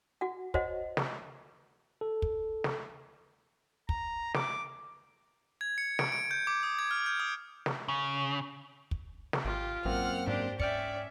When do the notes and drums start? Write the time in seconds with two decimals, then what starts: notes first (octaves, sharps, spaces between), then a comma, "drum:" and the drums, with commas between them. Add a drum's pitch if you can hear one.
0.21 F#4 F#5
0.54 F#4 C5 C#5 D#5 F#5, drum: kick
0.97 drum: snare
2.01 A4
2.22 drum: kick
2.64 drum: snare
3.89 A#5, drum: kick
4.34 D6, drum: snare
5.61 G#6
5.78 C#7
5.99 D7, drum: snare
6.12 D7
6.31 G6
6.47 D6
6.63 D#6
6.79 G#6
6.91 F6
7.06 G6
7.20 D#6
7.66 drum: snare
7.88 C#3
8.91 drum: kick
9.33 drum: snare
9.45 G#1 F4 G4
9.85 A1 F#2 A#3 C4 F#5 F6
10.28 G#2 D4 G4 C5
10.60 C#4 D5 E5 G5 F6 C#7, drum: kick